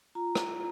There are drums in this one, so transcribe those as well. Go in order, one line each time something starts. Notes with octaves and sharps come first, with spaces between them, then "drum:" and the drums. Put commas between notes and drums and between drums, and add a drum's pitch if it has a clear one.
F4 A#5
drum: rim click